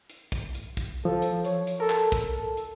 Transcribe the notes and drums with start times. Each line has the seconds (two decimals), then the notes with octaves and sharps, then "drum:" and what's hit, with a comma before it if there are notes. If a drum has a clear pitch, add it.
0.10 drum: hi-hat
0.32 drum: kick, hi-hat
0.55 drum: hi-hat
0.77 drum: kick, hi-hat
1.05 F3 A4
1.22 drum: hi-hat
1.45 C#5, drum: hi-hat
1.67 drum: hi-hat
1.80 A4 A#4
1.90 drum: clap
2.12 drum: kick, hi-hat
2.28 A4
2.57 drum: hi-hat